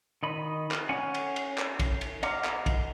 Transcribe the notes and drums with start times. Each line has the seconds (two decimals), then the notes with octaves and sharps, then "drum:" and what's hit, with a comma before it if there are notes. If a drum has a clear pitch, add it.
0.23 D#3 D#5 B5
0.71 drum: clap
0.89 C#4 F#5 G#5
1.14 drum: cymbal
1.36 drum: cymbal
1.58 drum: clap
1.79 drum: kick, cymbal
2.01 drum: cymbal
2.23 D#5 F#5 A#5 D6 F6, drum: cymbal
2.44 drum: clap
2.66 drum: kick, cymbal